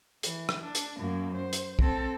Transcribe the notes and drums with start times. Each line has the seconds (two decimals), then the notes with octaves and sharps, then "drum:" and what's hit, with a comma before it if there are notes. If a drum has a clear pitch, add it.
0.23 E3, drum: hi-hat
0.49 drum: rim click
0.64 D4
0.75 drum: hi-hat
0.98 F#2 A#3
1.34 C5
1.53 drum: hi-hat
1.79 C4 A4, drum: kick